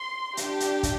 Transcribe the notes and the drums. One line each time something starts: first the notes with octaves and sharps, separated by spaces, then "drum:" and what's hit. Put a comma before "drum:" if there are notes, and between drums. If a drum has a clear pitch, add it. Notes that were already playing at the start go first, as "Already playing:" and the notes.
Already playing: C6
D4 G4, drum: hi-hat
drum: hi-hat
drum: kick, hi-hat